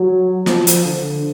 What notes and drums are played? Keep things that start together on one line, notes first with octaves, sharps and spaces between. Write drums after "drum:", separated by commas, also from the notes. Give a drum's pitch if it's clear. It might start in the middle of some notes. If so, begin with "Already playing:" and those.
Already playing: F#3
F3, drum: snare
drum: hi-hat
D3